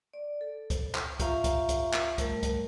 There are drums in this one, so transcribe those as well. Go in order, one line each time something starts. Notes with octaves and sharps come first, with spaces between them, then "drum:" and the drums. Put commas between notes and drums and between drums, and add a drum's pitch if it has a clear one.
D5
A4
drum: kick C#2, hi-hat
drum: clap
F4 G4 E5 F5 A#5 C#6, drum: kick C#2, hi-hat
drum: kick C#2, hi-hat
drum: kick C#2, hi-hat
drum: clap
G3 A3 A#4, drum: kick C#2, hi-hat
drum: kick C#2, hi-hat